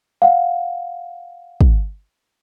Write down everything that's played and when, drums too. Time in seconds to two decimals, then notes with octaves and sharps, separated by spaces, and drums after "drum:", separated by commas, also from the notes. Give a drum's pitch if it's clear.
0.22 F5 F#5
1.61 drum: kick